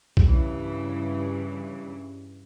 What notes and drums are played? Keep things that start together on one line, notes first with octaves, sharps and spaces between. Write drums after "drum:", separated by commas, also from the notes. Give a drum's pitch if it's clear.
G2 C#3 E3, drum: kick B1